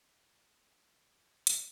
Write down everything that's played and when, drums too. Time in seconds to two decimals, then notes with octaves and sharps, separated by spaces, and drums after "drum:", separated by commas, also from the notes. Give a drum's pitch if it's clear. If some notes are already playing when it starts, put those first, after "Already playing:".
0.23 G#4 A#4
1.47 drum: hi-hat